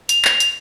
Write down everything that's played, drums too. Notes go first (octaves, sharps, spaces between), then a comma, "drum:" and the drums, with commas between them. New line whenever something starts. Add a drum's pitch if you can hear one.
F7, drum: hi-hat
drum: clap
drum: hi-hat